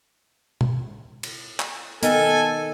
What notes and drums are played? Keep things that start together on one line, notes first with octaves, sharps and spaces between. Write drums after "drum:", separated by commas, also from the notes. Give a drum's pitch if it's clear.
drum: tom
drum: cymbal
drum: clap
D#3 B3 A4 G#5, drum: hi-hat